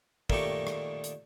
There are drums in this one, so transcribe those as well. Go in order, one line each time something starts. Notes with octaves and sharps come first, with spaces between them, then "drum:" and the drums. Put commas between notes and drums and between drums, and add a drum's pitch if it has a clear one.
A#2 D#3 A3 D#4 G4 C#6, drum: kick
drum: rim click
drum: hi-hat